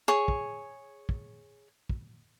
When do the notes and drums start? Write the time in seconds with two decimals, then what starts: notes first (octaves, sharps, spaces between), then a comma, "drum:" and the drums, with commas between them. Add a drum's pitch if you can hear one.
0.08 G#4 C#5
0.28 drum: kick
1.09 drum: kick
1.89 drum: kick